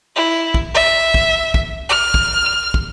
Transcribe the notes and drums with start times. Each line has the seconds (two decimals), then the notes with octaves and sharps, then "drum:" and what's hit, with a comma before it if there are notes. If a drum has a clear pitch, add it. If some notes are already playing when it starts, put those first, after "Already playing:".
0.16 E4
0.54 drum: kick
0.74 E5
1.14 drum: kick
1.54 drum: kick
1.89 F6
2.14 drum: kick
2.74 drum: kick